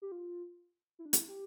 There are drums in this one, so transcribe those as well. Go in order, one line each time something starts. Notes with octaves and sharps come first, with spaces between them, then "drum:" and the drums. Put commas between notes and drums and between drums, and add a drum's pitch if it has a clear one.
G4
F4
E4
D4
E4, drum: hi-hat
G4